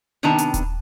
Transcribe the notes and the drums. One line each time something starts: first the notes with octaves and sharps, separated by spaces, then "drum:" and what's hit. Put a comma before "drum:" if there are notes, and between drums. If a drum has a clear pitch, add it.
C3 D#3 B3 D4 A5 A#5
drum: hi-hat
drum: kick D#1, hi-hat